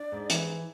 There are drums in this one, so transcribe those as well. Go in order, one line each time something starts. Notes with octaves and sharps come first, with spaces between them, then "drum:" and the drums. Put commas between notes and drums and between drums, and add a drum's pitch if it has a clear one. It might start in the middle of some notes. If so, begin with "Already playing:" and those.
Already playing: D4 D5
G#2
E3, drum: hi-hat